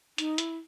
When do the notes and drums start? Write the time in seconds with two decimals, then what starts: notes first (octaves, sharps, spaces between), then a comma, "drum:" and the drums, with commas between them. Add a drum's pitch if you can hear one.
0.18 D#4, drum: hi-hat
0.38 E4, drum: hi-hat